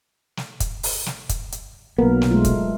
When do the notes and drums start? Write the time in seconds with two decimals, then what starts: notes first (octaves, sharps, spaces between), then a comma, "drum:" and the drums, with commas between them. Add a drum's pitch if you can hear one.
0.37 drum: snare
0.60 drum: kick, hi-hat
0.83 drum: open hi-hat
1.06 drum: snare
1.29 drum: kick, hi-hat
1.52 drum: hi-hat
1.99 B1 F#3 A#3 B3 A#4
2.22 drum: snare
2.31 G#3 A3 F4
2.45 drum: kick, hi-hat